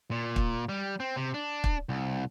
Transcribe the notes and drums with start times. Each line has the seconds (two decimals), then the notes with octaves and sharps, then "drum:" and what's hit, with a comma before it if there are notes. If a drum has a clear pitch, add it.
0.11 A#2
0.36 drum: kick
0.69 G3
1.00 C4
1.16 C3
1.34 D4
1.64 drum: kick
1.89 C2